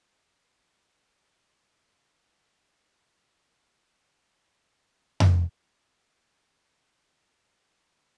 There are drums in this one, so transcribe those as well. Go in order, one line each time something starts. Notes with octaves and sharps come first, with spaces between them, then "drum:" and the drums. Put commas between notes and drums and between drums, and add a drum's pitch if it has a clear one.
G2 D5
D#2 B4 F5
D4 G4
F4
A#1
A1
D#3
C#4
G1 G#2 D6
drum: tom F2
A#3 D5